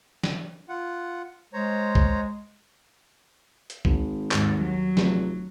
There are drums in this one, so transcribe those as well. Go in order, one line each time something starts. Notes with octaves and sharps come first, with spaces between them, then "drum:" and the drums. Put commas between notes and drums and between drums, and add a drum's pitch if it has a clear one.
drum: snare
F4 F#5
G#3 C5 C#5 A#5
drum: kick B1
drum: hi-hat
G#1, drum: kick B1
D#2 G#2, drum: clap
F#3
F1, drum: snare